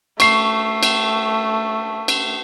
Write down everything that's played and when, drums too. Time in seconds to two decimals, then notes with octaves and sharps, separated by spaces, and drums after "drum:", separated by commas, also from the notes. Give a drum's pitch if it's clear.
0.20 A3 C#6 C7, drum: cymbal
0.83 drum: cymbal
2.08 drum: cymbal